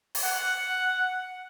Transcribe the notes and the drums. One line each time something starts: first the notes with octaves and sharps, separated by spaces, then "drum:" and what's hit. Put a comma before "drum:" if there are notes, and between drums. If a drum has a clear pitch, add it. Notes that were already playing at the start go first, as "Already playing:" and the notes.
drum: open hi-hat
F#5